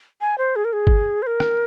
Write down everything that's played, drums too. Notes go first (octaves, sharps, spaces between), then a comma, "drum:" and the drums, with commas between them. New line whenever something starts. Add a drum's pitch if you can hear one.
G#5
C5
G#4
A#4
G#4
drum: kick G1
C5
A#4
drum: rim click